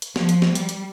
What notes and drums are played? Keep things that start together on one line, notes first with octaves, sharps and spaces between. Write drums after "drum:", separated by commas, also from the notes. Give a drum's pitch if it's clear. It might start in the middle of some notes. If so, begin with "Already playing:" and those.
drum: hi-hat
F3, drum: snare
drum: hi-hat
drum: snare
G3, drum: hi-hat
drum: hi-hat